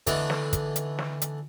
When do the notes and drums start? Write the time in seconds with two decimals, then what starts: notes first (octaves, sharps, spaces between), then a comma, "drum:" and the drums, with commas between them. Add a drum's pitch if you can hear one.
0.07 D3 E3 A3 B3 D4 D#4, drum: kick, hi-hat
0.30 drum: snare
0.53 drum: kick, hi-hat
0.76 drum: hi-hat
0.99 drum: snare
1.22 drum: hi-hat